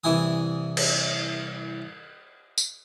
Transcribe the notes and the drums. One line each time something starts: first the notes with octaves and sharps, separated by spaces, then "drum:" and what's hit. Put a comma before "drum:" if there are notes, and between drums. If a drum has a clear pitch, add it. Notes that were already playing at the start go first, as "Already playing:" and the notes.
C2 E3 E4 G#5 D#6
drum: cymbal
drum: tambourine